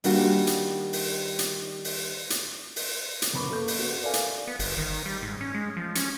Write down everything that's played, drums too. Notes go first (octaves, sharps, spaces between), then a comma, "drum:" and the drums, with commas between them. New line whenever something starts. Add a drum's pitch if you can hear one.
D#3 G3 A#3 D4 F4 F#4, drum: open hi-hat
drum: hi-hat
drum: open hi-hat
drum: hi-hat
drum: open hi-hat
drum: hi-hat
drum: open hi-hat
drum: hi-hat
F#1 B3 B5 C#6 D6
A#3 A4 G6
drum: open hi-hat
B3 F#4
A4 A#4 D5 E5 F5 G#5
drum: hi-hat
B3
G1, drum: open hi-hat
D#3
G3
G#2
C#4
G#3
F3
C#4, drum: hi-hat